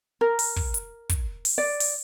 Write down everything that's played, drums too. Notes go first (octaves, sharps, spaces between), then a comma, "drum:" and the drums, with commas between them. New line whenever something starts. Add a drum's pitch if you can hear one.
A#4
drum: open hi-hat
drum: kick
drum: hi-hat
drum: kick, hi-hat
drum: open hi-hat
D5
drum: open hi-hat